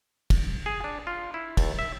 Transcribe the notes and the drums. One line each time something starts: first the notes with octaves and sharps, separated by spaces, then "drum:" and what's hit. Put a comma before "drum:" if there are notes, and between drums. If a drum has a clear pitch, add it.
drum: kick, cymbal
G#4
D4
F4
E4
D#2, drum: kick, cymbal
E5